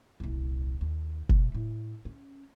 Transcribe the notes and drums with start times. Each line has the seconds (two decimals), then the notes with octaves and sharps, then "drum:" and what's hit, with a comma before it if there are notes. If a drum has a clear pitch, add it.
0.20 D#1 C2
0.81 D#2
1.29 B2 A3, drum: kick F#1
1.55 A2
2.05 C#4